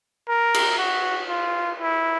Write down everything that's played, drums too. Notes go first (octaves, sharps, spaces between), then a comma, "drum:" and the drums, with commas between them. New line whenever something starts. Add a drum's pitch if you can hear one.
A#4
drum: cymbal
F#4
F4
E4